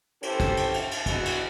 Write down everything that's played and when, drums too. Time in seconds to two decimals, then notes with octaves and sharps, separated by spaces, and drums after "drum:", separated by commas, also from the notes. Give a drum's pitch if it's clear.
0.23 E3 C#4 E4 G4 A4 C5, drum: cymbal
0.40 drum: kick, cymbal
0.57 drum: cymbal
0.74 drum: cymbal
0.91 drum: cymbal
1.06 G#2 E3 G#3 B3 D4 F#4, drum: kick, cymbal
1.25 drum: cymbal